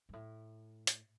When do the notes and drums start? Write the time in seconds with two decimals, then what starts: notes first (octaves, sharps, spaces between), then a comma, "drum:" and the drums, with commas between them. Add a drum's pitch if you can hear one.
0.09 G2
0.13 A2
0.87 drum: hi-hat